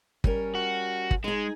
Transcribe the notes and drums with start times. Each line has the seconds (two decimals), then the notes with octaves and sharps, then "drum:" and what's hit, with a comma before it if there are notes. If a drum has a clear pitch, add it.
0.24 G3 C#4 A#4, drum: kick
0.55 F#4
1.11 drum: kick
1.24 G#3 D#4 G#4